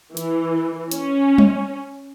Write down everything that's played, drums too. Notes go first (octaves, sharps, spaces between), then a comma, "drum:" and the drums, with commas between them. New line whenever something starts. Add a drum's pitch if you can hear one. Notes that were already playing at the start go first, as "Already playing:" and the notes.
E3, drum: hi-hat
C#4, drum: hi-hat
drum: tom G3